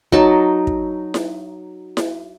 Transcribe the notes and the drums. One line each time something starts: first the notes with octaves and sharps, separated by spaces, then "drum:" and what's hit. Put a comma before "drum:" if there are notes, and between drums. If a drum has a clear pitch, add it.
F#3 D#4 A5, drum: kick
drum: kick
drum: snare E4
drum: snare E4